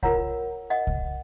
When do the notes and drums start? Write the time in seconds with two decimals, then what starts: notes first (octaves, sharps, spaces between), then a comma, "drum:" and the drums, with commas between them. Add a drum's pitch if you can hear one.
0.03 F4 A#4 C#5 F#5 A#5, drum: kick C2
0.70 D#5 F#5
0.87 drum: kick C2